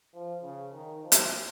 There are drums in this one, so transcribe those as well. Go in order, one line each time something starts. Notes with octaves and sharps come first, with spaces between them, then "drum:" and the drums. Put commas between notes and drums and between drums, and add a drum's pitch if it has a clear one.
F3
C#3
D#3
F3
drum: hi-hat